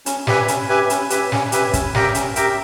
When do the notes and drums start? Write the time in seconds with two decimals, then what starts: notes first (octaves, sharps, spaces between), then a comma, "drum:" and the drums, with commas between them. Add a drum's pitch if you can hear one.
0.06 C#4, drum: hi-hat
0.27 G4 B4 E5 G#5, drum: snare
0.48 C#4, drum: hi-hat
0.69 G4 B4 E5 G#5
0.90 C#4, drum: hi-hat
1.10 G4 B4 E5 G#5, drum: hi-hat
1.32 C#4, drum: snare
1.52 G4 B4 E5 G#5, drum: hi-hat
1.73 C#4, drum: kick, hi-hat
1.95 G4 A#4 E5 G5, drum: snare
2.15 C#4, drum: hi-hat
2.36 G4 A#4 E5 G5, drum: hi-hat